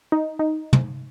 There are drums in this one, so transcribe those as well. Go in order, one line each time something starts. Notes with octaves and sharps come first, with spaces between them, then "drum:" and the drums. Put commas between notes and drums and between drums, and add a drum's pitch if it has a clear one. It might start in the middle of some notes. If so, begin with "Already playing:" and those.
D#4
D#4
drum: tom